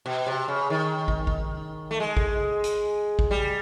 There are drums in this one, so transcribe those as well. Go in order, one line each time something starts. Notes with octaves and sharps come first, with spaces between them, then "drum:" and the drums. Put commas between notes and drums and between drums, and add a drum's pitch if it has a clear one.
B2
C3
C#3
D#3
drum: kick
drum: kick
A3
G#3
drum: kick
drum: hi-hat
drum: kick
G3